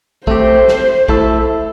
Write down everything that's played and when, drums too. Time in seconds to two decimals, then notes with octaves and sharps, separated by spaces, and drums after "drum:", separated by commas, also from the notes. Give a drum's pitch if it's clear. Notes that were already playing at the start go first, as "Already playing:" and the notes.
0.27 A3 C4 G4 C5, drum: kick
0.68 drum: snare
1.08 A3 E4 A4 E5, drum: kick